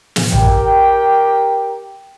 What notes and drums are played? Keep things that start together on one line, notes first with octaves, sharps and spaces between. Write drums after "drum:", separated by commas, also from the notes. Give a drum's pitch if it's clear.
drum: snare
G4 A#4 G5, drum: tom A1